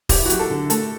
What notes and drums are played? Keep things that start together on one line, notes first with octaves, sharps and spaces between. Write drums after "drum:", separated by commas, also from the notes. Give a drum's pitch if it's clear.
E2 G4, drum: kick, open hi-hat
E4
F#4
F#3 G4, drum: hi-hat
A4
D3
A3 A4, drum: hi-hat